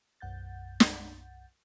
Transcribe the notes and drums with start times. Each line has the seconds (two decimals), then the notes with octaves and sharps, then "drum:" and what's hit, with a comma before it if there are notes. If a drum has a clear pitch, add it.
0.20 B1 F#2 F#5 G6 A6
0.80 drum: snare